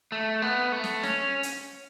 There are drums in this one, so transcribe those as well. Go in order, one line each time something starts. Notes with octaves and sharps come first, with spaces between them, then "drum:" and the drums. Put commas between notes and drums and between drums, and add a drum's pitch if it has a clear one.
A3
B3
A3
drum: snare
C#4, drum: snare
drum: hi-hat